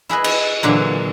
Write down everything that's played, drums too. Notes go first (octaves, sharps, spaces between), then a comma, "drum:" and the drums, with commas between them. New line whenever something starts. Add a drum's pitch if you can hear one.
E4 G#4 B4 D#5
drum: cymbal
A#2 D3 E3 F#3